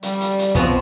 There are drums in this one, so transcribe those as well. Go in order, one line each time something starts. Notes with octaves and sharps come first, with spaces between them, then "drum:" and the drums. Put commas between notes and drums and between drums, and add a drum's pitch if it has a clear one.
G3, drum: hi-hat
drum: hi-hat
drum: hi-hat
B2 F3 B3 C4, drum: kick, hi-hat